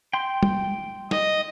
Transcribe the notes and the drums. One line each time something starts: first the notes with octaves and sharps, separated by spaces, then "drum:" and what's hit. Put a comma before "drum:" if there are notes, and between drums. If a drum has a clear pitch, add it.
G5 C6
drum: tom
D#5, drum: snare